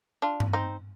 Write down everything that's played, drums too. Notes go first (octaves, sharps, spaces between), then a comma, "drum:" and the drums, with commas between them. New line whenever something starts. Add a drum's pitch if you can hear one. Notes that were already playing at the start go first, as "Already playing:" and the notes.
D4 F4
drum: tom G2
C4 D#4